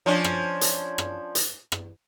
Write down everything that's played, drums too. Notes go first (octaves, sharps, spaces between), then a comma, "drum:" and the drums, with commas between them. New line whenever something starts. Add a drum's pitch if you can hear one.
F3 C#4 D4
drum: rim click
drum: hi-hat
drum: rim click
drum: hi-hat
drum: rim click